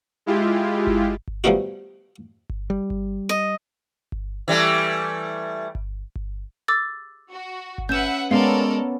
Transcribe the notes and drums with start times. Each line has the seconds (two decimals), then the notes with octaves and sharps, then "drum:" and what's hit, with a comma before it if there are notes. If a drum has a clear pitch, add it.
0.26 G#3 E4 F4 G4
0.87 drum: kick G1
1.28 drum: kick G1
1.44 F3 G3 A3 B3 D#4 F#4
2.50 drum: kick G1
2.70 G3
2.90 drum: kick G1
3.29 D#5
4.12 drum: kick G1
4.48 E3 G3 A3
5.75 drum: kick G1
6.16 drum: kick G1
6.68 D6 E6 A6
7.31 F#4
7.78 drum: kick G1
7.89 C#4 B4 E5 F#5 G6 E7
8.31 G#3 B3 C#4 A4 A#4 D5 F5